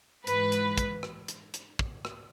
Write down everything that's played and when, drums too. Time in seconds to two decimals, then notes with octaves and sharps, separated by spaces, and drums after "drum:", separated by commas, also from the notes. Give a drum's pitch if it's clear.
0.27 G#2 E3 B4, drum: hi-hat
0.52 drum: hi-hat
0.78 drum: kick, hi-hat
1.03 drum: rim click
1.28 drum: hi-hat
1.54 drum: hi-hat
1.79 drum: kick
2.05 drum: rim click